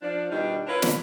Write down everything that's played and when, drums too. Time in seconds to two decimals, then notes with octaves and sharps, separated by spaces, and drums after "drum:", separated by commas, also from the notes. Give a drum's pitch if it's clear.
0.02 F3 D4
0.30 B2 D#3 G3 D4 D#4 F4
0.66 D4 E4 F4 A#4 B4 C#5
0.82 drum: snare